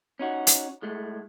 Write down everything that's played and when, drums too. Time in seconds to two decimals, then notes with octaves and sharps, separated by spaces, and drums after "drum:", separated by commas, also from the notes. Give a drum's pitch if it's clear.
0.19 C#4 D#4 F#4
0.47 drum: hi-hat
0.82 A2 G#3 A3